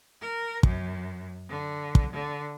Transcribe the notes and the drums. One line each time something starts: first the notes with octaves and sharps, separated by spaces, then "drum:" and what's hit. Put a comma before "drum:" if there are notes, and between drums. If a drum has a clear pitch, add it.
A#4
F#2, drum: kick
D3
drum: kick
D3